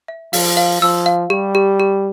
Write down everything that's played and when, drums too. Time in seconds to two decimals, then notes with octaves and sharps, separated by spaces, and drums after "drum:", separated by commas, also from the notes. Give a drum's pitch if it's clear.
0.08 E5
0.33 F3 F5, drum: open hi-hat
0.57 F5
0.81 F3 E6
1.06 F5
1.30 G3 G4
1.55 G4
1.80 G4